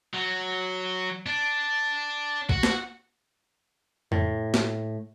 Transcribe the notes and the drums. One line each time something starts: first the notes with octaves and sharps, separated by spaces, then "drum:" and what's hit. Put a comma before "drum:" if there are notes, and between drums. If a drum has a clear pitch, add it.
F#3
D4
F#4, drum: kick
drum: snare
A2, drum: tom F2
drum: snare